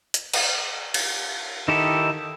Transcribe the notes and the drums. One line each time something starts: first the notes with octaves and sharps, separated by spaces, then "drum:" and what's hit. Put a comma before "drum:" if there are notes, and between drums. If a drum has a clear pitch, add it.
drum: hi-hat
drum: cymbal
drum: cymbal
D#3 D#4 E4 G4 A4